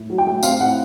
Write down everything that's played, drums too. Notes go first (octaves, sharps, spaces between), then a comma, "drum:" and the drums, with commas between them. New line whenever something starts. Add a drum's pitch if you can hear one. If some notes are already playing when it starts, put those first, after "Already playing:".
Already playing: A2
F#3
G5
A3
C4 F5, drum: tambourine
A2 F#5